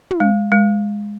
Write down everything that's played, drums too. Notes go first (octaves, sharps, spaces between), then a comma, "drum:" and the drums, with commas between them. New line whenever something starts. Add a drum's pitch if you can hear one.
drum: tom
G#3
G#3